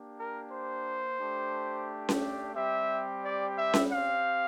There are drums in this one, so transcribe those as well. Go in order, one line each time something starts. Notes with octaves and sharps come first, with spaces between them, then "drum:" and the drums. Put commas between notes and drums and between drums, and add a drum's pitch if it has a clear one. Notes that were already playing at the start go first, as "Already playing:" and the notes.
Already playing: A#3 D4 G4
A#4
C5
A3 D4 G4
drum: snare C#4
G3 C4 G4 E5
D5
E5
drum: snare C#4
C4 G4 F5